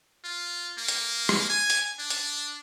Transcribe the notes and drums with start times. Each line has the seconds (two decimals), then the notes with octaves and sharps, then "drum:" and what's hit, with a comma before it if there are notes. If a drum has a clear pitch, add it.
0.24 F4
0.78 A#3
0.88 drum: hi-hat
1.29 drum: rim click
1.49 G#5
1.70 drum: hi-hat
1.99 D4
2.10 drum: hi-hat